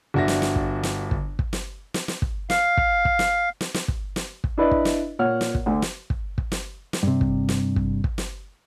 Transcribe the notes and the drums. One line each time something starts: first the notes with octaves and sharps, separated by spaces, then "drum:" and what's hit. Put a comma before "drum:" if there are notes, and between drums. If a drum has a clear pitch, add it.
G1 D4 F#4 E5 A#6
drum: snare
drum: snare
drum: kick
drum: snare
drum: kick
drum: kick
drum: snare
drum: snare
drum: snare
drum: kick
F5, drum: snare
drum: kick
drum: kick
drum: snare
drum: snare
drum: snare
drum: kick
drum: snare
drum: kick
D4 E4 B4 D5 D#5
drum: kick
drum: snare
A#2 C#5 F#5 F6
drum: snare
drum: kick
D2 D3
drum: snare
drum: kick
drum: kick
drum: snare
drum: snare
G2 C3
drum: kick
drum: snare
drum: kick
drum: kick
drum: snare